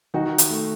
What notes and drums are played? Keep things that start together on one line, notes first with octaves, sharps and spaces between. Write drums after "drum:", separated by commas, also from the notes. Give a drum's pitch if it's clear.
D#3 D#4 F#4
drum: hi-hat
A3